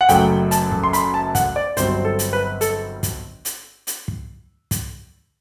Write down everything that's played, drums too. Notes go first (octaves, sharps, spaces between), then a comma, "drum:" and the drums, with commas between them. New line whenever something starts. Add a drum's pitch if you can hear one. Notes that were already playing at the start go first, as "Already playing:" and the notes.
F#5
F#1 F#2 F#3 A3 G5, drum: hi-hat
A5, drum: hi-hat
drum: kick
C6
B5, drum: hi-hat
A5
F#5, drum: kick, hi-hat
D5
G1 G2 F#3 C4 C5, drum: hi-hat
A4
drum: hi-hat
B4
A4, drum: hi-hat
drum: kick, hi-hat
drum: hi-hat
drum: hi-hat
drum: kick
drum: kick, hi-hat